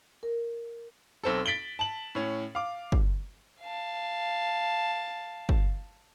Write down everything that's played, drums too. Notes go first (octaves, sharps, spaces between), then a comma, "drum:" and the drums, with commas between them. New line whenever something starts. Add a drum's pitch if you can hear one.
A#4
B1 C4 A4
A6 B6 D7 F#7 G7
A5 F#7
A2 C#4
F5 D6
drum: kick
F5 A5
drum: kick